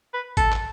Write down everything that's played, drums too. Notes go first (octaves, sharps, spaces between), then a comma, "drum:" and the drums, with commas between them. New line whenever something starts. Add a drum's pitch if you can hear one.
B4
A4, drum: kick G#1, hi-hat
drum: clap